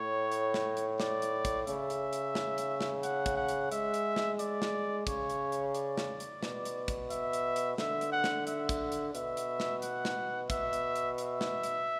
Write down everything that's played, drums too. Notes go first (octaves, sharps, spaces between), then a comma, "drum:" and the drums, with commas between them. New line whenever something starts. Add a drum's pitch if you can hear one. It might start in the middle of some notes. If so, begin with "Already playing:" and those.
Already playing: A2 C#5
drum: hi-hat
drum: snare
drum: hi-hat
D5, drum: snare
drum: hi-hat
drum: kick, hi-hat
C#3 E5, drum: hi-hat
drum: hi-hat
drum: hi-hat
drum: snare
drum: hi-hat
drum: snare
F#5, drum: hi-hat
drum: kick, hi-hat
F#5
drum: hi-hat
G#3 E5, drum: hi-hat
drum: hi-hat
drum: snare
D5, drum: hi-hat
drum: snare
C#3 C#5, drum: kick, hi-hat
drum: hi-hat
drum: hi-hat
D5, drum: hi-hat
drum: snare
drum: hi-hat
B2, drum: snare
drum: hi-hat
drum: kick, hi-hat
E5, drum: hi-hat
drum: hi-hat
drum: hi-hat
D3 E5, drum: snare
drum: hi-hat
F#5
drum: snare
E5, drum: hi-hat
drum: kick, hi-hat
drum: hi-hat
B2 E5, drum: hi-hat
drum: hi-hat
drum: snare
F#5, drum: hi-hat
drum: snare
B2 E5, drum: kick, hi-hat
drum: hi-hat
drum: hi-hat
E5, drum: hi-hat
drum: snare
drum: hi-hat